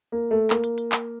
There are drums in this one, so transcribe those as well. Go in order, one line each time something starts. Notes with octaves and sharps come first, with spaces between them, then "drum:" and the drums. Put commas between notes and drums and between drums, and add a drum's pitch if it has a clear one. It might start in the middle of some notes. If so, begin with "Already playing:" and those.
A#3
A3
A#3, drum: clap
drum: hi-hat
drum: hi-hat
drum: clap